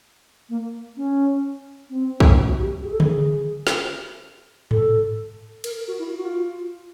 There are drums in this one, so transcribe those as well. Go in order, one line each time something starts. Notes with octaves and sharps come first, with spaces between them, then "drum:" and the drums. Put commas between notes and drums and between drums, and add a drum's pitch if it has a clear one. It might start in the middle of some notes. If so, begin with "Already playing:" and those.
A#3
C#4
C4
drum: kick
F#4
G4
G#4
A4
G#4, drum: tom C#3
drum: snare
A4, drum: tom G#2
A#4, drum: cymbal
A#4
F#4
E4
F4
F#4
F4